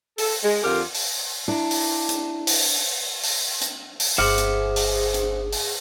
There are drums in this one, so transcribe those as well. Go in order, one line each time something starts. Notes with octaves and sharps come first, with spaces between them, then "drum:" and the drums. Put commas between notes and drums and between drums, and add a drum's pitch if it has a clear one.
A4, drum: open hi-hat
G#3
F2 D3 F4 G4 A#4
drum: open hi-hat
D4 E4
drum: open hi-hat
drum: hi-hat
drum: open hi-hat
drum: open hi-hat
drum: hi-hat
drum: open hi-hat
G1 G#4 C5 E5 F#5 D6 F6
drum: hi-hat
drum: open hi-hat
drum: hi-hat
drum: open hi-hat